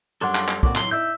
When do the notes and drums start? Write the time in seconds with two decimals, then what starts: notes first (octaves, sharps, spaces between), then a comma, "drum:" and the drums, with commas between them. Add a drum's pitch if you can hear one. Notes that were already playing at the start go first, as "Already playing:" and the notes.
0.21 F#2 G3 D4 A4 C#5 F#5 C6
0.35 drum: clap
0.48 drum: clap
0.63 A#3 C4 F#4 D5, drum: kick
0.75 E3 F#3 C6, drum: clap
0.91 D#4 D5 E5 G6